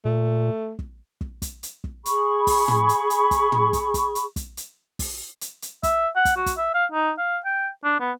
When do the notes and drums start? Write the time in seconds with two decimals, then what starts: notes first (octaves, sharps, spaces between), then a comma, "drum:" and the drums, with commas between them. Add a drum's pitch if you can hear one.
0.05 A#2 A3
0.79 drum: kick
1.21 drum: kick
1.42 drum: kick, hi-hat
1.63 drum: hi-hat
1.84 drum: kick
2.06 G#4 B5 C#6, drum: hi-hat
2.47 drum: kick, open hi-hat
2.68 drum: tom
2.89 drum: hi-hat
3.10 drum: hi-hat
3.31 drum: kick, hi-hat
3.52 drum: tom
3.73 drum: kick, hi-hat
3.94 drum: kick, hi-hat
4.15 drum: hi-hat
4.36 drum: kick, hi-hat
4.57 drum: hi-hat
4.99 drum: kick, open hi-hat
5.41 drum: hi-hat
5.62 drum: hi-hat
5.83 E5, drum: kick, hi-hat
6.16 F#5
6.25 drum: kick, hi-hat
6.36 F#4
6.46 drum: kick, hi-hat
6.57 E5
6.74 F5
6.92 D#4
7.18 F5
7.45 G5
7.84 D4
8.00 B3